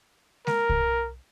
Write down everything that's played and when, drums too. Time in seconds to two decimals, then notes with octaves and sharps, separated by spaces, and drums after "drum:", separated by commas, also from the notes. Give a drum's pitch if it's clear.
0.47 A#4, drum: snare G#3
0.69 drum: kick C2